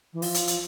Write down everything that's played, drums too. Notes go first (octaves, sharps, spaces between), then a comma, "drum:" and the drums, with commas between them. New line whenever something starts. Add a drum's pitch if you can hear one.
E3
F3, drum: open hi-hat
drum: hi-hat
drum: hi-hat